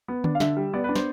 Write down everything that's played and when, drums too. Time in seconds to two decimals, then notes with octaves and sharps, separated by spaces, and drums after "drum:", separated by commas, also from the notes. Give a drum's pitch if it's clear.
0.08 B3
0.24 D4, drum: tom D3
0.35 F5
0.40 D3 E5, drum: snare
0.57 G3
0.73 B3 D5
0.84 D4 B4
0.96 C5, drum: snare